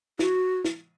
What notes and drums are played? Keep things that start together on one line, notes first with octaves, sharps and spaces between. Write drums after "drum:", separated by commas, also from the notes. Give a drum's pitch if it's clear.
F#4, drum: snare
drum: snare